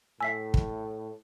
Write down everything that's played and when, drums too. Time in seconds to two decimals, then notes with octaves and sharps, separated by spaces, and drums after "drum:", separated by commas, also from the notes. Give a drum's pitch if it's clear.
0.21 A2 E5 G#5 E6 B6 C7
0.54 drum: kick